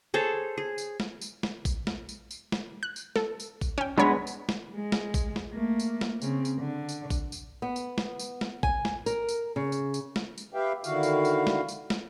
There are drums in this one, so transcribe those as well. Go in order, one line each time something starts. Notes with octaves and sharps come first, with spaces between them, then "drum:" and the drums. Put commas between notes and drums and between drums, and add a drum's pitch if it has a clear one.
G#4 A4 C5 C#5
G#4
drum: tambourine
drum: snare
drum: tambourine
drum: snare
drum: kick A1, tambourine
drum: snare
drum: tambourine
drum: tambourine
drum: snare
F#6
drum: tambourine
A4, drum: snare
drum: tambourine
drum: kick A1, tambourine
C#4 G5
G#3 B3 D4 C#5 B5
drum: tambourine
drum: snare
G#3
drum: snare
drum: kick A1, tambourine
drum: snare
A3 A#3
drum: tambourine
drum: snare
C#3 C4, drum: tambourine
drum: tambourine
D3
drum: tambourine
drum: kick A1, tambourine
drum: tambourine
B3
drum: tambourine
drum: snare
drum: tambourine
drum: snare
G#5, drum: kick A1
drum: snare
A#4, drum: tambourine
drum: tambourine
C#3
drum: tambourine
drum: tambourine
drum: snare
drum: tambourine
G4 B4 E5 F5 G5
D3 D#3 E4 F#4 F5, drum: tambourine
drum: tambourine
drum: tambourine
drum: snare
drum: tambourine
drum: snare